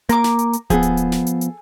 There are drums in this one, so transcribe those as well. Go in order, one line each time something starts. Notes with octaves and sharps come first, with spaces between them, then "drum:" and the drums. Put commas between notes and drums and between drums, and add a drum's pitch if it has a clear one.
A#3 A#4 D6, drum: hi-hat
drum: snare
drum: hi-hat
drum: hi-hat
F3 B3 G#4 A4, drum: kick D1, hi-hat
drum: hi-hat
drum: hi-hat
drum: snare
drum: hi-hat
drum: hi-hat